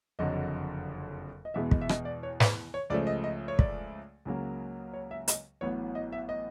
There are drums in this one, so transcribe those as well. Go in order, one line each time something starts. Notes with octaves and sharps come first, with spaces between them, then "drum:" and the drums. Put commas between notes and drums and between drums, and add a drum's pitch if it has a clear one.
F#1 F2 D3 F#3 D#5
D#5
E2 B2 G#3 B3 E5
D#5, drum: kick
E5
D#5, drum: rim click
D5
C#5
B4, drum: snare
C#5
C#2 C#3 F3 A3 D5
D#5
D#5
C#5
D5, drum: kick
C#2 C#3 F#3 A#3
C#5
E5
D#5, drum: hi-hat
A1 A2 F#3 B3 C#5
D#5
E5
D#5